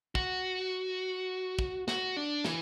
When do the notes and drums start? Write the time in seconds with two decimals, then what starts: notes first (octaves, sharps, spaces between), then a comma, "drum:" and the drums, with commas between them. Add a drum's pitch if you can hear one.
0.15 F#4, drum: kick
1.59 drum: kick
1.88 F#4, drum: snare
2.17 D4
2.45 E3, drum: snare